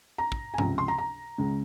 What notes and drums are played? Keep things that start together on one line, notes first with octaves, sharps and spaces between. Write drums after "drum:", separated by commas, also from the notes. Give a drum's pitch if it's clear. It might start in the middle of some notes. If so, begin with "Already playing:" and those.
A#5
drum: kick
G#5
C#2 C3 F3 A#5, drum: tom G2
C6
A#5
A#5
C#2 C#3 G#3